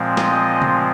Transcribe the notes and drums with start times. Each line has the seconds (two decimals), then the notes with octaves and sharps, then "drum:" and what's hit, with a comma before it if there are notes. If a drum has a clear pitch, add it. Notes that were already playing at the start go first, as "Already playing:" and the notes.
Already playing: A#2 F3 G#3 C4
0.17 D#5, drum: snare
0.62 drum: tom C#3